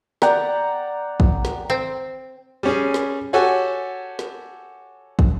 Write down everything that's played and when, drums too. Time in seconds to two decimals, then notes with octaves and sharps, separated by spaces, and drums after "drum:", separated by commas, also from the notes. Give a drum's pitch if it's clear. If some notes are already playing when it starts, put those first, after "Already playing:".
0.22 D5 F#5 G5 A#5, drum: snare
1.20 drum: kick
1.45 drum: snare
1.70 C4
2.63 G3 C#4 G#4
2.94 drum: snare
3.33 F#4 G4 A4 C#5 F#5 G#5
4.19 drum: snare
5.19 drum: kick